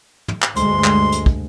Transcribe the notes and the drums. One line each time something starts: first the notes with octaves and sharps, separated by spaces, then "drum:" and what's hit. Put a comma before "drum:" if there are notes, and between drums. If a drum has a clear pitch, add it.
drum: tom
drum: clap
D2 G2 G#3 C6, drum: hi-hat
drum: clap
drum: hi-hat
drum: kick